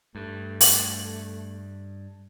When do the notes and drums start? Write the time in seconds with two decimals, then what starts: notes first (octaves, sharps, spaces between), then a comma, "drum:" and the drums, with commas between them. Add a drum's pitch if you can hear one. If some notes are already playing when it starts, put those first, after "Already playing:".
0.15 G2 A3
0.61 drum: open hi-hat